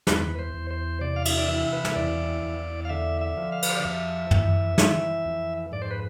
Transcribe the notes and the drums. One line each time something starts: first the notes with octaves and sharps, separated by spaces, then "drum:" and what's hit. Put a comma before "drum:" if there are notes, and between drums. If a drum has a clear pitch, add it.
E2 B4, drum: snare
C5
E2
C5
C3 D5
F5
E5, drum: cymbal
D5
E3 E5
B4
E5, drum: snare
E2 D5
E2
F5
D3 E5
E5
F3
F5
B4, drum: cymbal
C5
D5
F2 E5
E3, drum: tom
E3, drum: snare
F2
G#2 D5
C5
B4